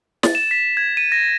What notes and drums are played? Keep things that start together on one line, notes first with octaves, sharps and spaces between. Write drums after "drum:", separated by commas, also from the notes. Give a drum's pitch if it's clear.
A6, drum: snare
E7
B6
G#6
D#7
A#6